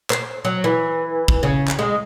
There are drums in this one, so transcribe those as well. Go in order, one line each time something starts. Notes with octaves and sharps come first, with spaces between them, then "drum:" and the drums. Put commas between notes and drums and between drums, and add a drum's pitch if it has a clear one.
C5, drum: clap
F#3
E3
drum: kick
C#3
drum: clap
G#3